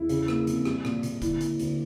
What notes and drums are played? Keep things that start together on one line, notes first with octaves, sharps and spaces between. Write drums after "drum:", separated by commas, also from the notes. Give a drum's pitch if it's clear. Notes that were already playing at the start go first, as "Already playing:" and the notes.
Already playing: E2 E4
C#3, drum: hi-hat
A#3, drum: rim click
F2, drum: hi-hat
G3, drum: rim click
A#2, drum: rim click
A#2, drum: hi-hat
D3 E4, drum: kick F#1, hi-hat
A#3, drum: hi-hat
D2, drum: hi-hat